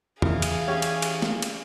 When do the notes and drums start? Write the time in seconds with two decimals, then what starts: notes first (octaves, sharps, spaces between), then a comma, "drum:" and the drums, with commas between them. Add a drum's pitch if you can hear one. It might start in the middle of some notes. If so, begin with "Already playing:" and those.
0.22 E3 G#4 A#4 F5, drum: tom E2
0.42 drum: cymbal
0.68 C#4 G4 C#5
0.82 drum: cymbal
1.02 drum: cymbal
1.22 drum: snare
1.42 drum: cymbal